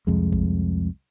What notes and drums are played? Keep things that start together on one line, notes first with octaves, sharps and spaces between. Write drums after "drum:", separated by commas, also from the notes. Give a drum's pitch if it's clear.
C2 F2 G#3
drum: kick